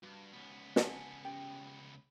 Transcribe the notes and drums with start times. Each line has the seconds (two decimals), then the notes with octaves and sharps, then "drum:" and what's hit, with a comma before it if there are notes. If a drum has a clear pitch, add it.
0.03 G2 F#4
0.33 C#2 B3
0.76 F#5 G#5 A5, drum: snare
1.24 C#4 G4 G5